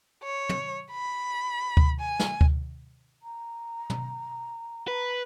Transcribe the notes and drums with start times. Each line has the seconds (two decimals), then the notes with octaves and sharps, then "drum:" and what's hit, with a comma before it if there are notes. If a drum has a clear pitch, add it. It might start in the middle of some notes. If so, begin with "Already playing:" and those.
0.23 C#5
0.49 drum: tom
0.92 B5
1.77 drum: kick D2
2.00 G#5
2.20 drum: snare
2.41 drum: kick D2
3.22 A#5
3.90 drum: tom
4.88 B4